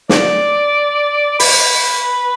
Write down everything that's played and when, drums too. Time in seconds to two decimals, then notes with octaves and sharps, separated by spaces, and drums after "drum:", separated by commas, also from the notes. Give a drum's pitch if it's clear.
0.09 D5, drum: snare
1.40 B4, drum: open hi-hat